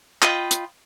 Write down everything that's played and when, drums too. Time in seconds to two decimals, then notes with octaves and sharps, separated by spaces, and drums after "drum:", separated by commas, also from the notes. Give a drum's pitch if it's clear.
0.22 F4 D#5 G5 B5, drum: clap
0.51 drum: hi-hat